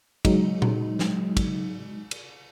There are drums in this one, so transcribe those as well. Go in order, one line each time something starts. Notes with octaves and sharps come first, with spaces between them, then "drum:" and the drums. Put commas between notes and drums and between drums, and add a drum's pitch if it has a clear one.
F#3 G#3 D#4, drum: kick, cymbal
drum: tom A#2
drum: snare
drum: kick, cymbal
drum: cymbal